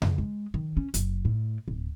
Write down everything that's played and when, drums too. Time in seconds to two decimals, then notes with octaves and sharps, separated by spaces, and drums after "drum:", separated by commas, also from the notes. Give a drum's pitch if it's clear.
0.02 C#3, drum: tom F2
0.18 G#3
0.54 D#3
0.77 C#4
0.94 F#1, drum: hi-hat
1.25 A2
1.68 D1